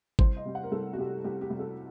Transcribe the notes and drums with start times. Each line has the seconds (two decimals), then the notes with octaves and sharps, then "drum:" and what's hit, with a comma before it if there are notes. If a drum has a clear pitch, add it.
0.19 C2 C5, drum: kick G#1
0.36 D#5
0.45 C3 G3
0.55 F#5
0.64 A#4
0.72 C2 A4
0.93 F#4
0.98 C3 G3 G4
1.24 C2 G4
1.41 G4
1.50 C3 G3
1.59 A4